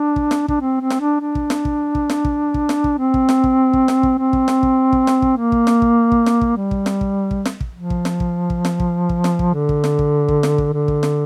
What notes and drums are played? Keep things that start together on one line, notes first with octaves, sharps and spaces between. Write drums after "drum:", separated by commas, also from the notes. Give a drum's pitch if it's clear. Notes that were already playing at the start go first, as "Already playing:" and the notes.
Already playing: D4
drum: kick
drum: snare
D4, drum: kick
C4
C4
drum: snare
D4
D4
drum: kick
drum: snare
drum: kick
drum: kick
drum: snare
drum: kick
drum: kick
drum: snare
drum: kick
C4
drum: kick
drum: snare
drum: kick
drum: kick
drum: snare
drum: kick
C4
drum: kick
drum: snare
drum: kick
drum: kick
drum: snare
drum: kick
A#3
drum: kick
drum: snare
drum: kick
drum: kick
drum: snare
drum: kick
G3
drum: kick
drum: snare
drum: kick
drum: kick
drum: snare
drum: kick
F3
drum: kick
drum: snare
drum: kick
drum: kick
drum: snare
drum: kick
drum: kick
drum: snare
drum: kick
D3
drum: kick
drum: snare
drum: kick
drum: kick
drum: snare
drum: kick
D3
drum: kick
drum: snare